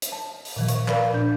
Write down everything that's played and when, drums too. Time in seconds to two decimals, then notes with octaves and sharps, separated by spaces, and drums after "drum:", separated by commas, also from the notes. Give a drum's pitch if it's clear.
0.02 drum: hi-hat
0.12 A5
0.45 drum: open hi-hat
0.56 A#2 D#3 F3
0.69 C#6, drum: hi-hat
0.88 A#4 B4 D5 F5 B5, drum: clap
1.13 A#2 D4 G6